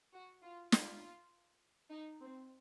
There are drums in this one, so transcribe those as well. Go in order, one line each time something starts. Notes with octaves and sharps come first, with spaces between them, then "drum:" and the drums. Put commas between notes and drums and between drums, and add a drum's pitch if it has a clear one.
F#4
F4
F4, drum: snare
D#4
C4